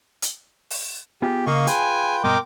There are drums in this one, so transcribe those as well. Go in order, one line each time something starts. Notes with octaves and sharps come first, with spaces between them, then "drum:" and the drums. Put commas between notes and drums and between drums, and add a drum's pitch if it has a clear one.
drum: hi-hat
drum: open hi-hat
B3 F4 G4 G#4
C#3 A#3 D#5 F5 C#6
F4 G#4 B4 G5 G#5, drum: hi-hat
G2 B2 A#4 D#5 G5 C6 D6